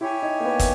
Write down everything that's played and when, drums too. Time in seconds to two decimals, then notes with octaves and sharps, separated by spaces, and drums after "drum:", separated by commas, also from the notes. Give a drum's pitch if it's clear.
0.01 E4 G4 C#5 G#5
0.22 D#4
0.40 A#3
0.45 B3
0.59 drum: kick, hi-hat